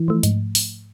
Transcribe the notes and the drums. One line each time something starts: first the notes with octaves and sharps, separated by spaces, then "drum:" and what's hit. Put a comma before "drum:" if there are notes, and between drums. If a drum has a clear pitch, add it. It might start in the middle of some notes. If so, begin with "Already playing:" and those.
Already playing: E3
F3 A3
G#2, drum: hi-hat
drum: open hi-hat